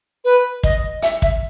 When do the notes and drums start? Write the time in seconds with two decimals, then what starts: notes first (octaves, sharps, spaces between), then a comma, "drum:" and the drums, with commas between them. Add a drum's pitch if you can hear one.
0.24 B4
0.63 D#5, drum: kick
1.02 E5, drum: hi-hat
1.22 E5, drum: kick